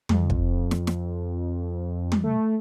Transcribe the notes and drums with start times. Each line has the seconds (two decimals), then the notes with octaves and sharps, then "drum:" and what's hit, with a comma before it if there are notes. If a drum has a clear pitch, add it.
0.09 F2, drum: tom
0.30 drum: kick
0.71 drum: snare
0.87 drum: snare
2.12 drum: tom
2.24 A3